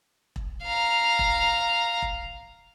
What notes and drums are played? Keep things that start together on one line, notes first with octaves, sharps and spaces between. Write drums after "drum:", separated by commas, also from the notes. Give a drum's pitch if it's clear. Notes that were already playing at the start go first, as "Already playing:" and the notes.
drum: kick E1
F5 A#5
drum: kick E1
drum: kick E1